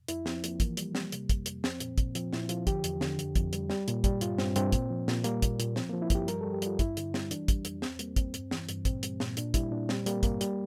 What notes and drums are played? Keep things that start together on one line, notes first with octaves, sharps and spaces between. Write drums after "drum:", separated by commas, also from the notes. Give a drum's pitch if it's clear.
F2 E4, drum: hi-hat
F3 C4, drum: snare
F3 A#3, drum: hi-hat
E3 A#3, drum: kick, hi-hat
G3, drum: hi-hat
G3, drum: snare
C3, drum: hi-hat
F2, drum: kick, hi-hat
F2, drum: hi-hat
F3 C4, drum: snare
A#2, drum: hi-hat
A#2, drum: kick, hi-hat
F3 C4, drum: hi-hat
A#2 E4, drum: snare
F3 F4, drum: hi-hat
D3 G4, drum: kick, hi-hat
E2, drum: hi-hat
D3, drum: snare
F2, drum: hi-hat
F2, drum: kick, hi-hat
G3, drum: hi-hat
G3, drum: snare
A#2, drum: hi-hat
G3, drum: kick, hi-hat
G2 F4, drum: hi-hat
G2 C4, drum: snare
G2 C4, drum: hi-hat
A#2, drum: kick, hi-hat
F3
A#2, drum: snare
G3 A#3, drum: hi-hat
A#2, drum: kick, hi-hat
A#2, drum: hi-hat
F3 C4, drum: snare
F3 A#3
E4
G2 G4, drum: kick, hi-hat
G3 A#4, drum: hi-hat
G3 A4
G4
G3 F4, drum: hi-hat
G2 E4, drum: kick, hi-hat
D3, drum: hi-hat
G3, drum: snare
E3 D4, drum: hi-hat
G3, drum: kick, hi-hat
F2, drum: hi-hat
E2 C4, drum: snare
G3 A#3, drum: hi-hat
E2 C4, drum: kick, hi-hat
G2, drum: hi-hat
E3, drum: snare
G2, drum: hi-hat
A#2 C4, drum: kick, hi-hat
G3, drum: hi-hat
A#2, drum: snare
A#2 D4, drum: hi-hat
G3 E4, drum: kick, hi-hat
A#2 D4
G3 C4, drum: snare
G3 A#3, drum: hi-hat
G2 A#3, drum: kick, hi-hat
G3, drum: hi-hat